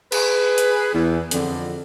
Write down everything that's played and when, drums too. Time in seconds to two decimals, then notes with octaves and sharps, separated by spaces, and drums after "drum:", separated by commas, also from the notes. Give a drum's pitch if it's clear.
0.12 G#4 B4, drum: cymbal
0.58 drum: hi-hat
0.94 E2
1.31 F2 D3, drum: hi-hat